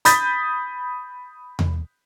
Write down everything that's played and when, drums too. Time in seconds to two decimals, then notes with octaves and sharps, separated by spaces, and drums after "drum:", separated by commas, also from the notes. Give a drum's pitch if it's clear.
0.05 B5 D#6 G6 A6 B6, drum: hi-hat
1.59 drum: tom E2